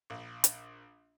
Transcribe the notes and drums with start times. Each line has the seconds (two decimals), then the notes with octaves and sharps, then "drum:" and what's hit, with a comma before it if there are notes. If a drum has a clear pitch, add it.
0.10 A#1
0.44 drum: hi-hat